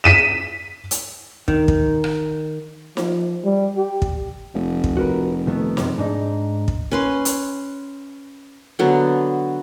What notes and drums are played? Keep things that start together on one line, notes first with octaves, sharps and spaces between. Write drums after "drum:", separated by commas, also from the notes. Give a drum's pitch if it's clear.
B6 D#7 E7
drum: hi-hat
D#3, drum: kick
drum: kick
drum: rim click
F3, drum: snare
G3
G4
drum: kick
F1
drum: kick
F#4 A#4 B4
D#3 A3 B3
C#2 F#2 C3, drum: snare
G#2 D4 D#4
drum: kick
C#4 B4 C6
drum: hi-hat
D3 F#3 B3